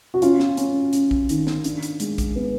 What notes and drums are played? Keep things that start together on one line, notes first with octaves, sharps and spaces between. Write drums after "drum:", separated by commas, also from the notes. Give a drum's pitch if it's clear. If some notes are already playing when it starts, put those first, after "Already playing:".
F#4
C#4 F4, drum: hi-hat
drum: snare
C#4, drum: hi-hat
C#4, drum: hi-hat
drum: kick A1
D#3, drum: hi-hat
drum: snare
D4, drum: hi-hat
drum: hi-hat
G#3, drum: hi-hat
drum: kick A1, hi-hat
B3